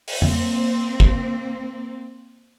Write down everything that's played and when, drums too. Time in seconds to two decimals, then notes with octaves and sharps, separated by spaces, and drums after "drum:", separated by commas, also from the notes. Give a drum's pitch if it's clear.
0.08 drum: open hi-hat
0.22 A#3 C4, drum: tom F2
1.00 drum: kick